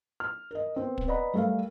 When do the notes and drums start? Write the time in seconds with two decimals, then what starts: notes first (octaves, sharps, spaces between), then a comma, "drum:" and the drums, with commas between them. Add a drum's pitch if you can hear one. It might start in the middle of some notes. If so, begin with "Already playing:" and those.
0.20 F6
0.51 A#4 D#5
0.76 B3 C4
0.98 drum: kick
1.08 B4 D5 D#5 F#5 A#5 B5
1.34 G3 A3 A4 A#4 F5